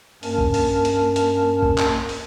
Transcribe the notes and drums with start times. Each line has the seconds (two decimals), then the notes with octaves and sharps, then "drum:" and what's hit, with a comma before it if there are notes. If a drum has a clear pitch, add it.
0.23 G2 A#3 C#4 A#4 A5, drum: open hi-hat
0.38 drum: kick A#1
0.54 drum: open hi-hat
0.85 drum: hi-hat
1.16 drum: hi-hat
1.63 drum: kick A#1
1.78 drum: clap
2.09 drum: open hi-hat